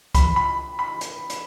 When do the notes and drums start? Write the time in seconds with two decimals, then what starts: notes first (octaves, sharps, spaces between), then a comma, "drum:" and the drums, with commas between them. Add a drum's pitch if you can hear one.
0.15 B5, drum: kick C2, hi-hat
0.36 B5
0.79 B5
1.01 drum: hi-hat
1.30 drum: hi-hat